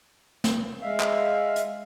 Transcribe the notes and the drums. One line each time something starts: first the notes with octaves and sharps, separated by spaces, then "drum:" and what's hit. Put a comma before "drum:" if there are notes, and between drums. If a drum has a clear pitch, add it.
drum: snare
G#3 E5 F5
drum: clap
drum: hi-hat